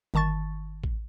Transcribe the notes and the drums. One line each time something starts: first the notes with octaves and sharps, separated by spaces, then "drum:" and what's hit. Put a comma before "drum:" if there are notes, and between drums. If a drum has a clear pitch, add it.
G1 D#3 A5 C#6 A6
drum: kick A1